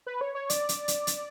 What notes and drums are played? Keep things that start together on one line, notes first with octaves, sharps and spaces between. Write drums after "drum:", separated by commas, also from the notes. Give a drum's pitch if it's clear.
B4
C#5
C#5
D5, drum: hi-hat
drum: hi-hat
drum: hi-hat
drum: hi-hat